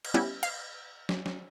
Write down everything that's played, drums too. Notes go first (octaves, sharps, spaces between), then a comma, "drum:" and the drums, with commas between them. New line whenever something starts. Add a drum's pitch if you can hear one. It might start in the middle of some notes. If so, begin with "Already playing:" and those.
drum: cymbal
G3 B3 C#4 E4
F5, drum: cymbal
drum: snare
drum: snare